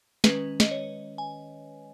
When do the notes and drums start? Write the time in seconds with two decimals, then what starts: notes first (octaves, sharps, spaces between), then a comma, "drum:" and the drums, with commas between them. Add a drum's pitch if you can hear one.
0.24 D#3 G#3 C#4 B4, drum: snare
0.60 D#5, drum: snare
0.71 C#5
1.18 G#5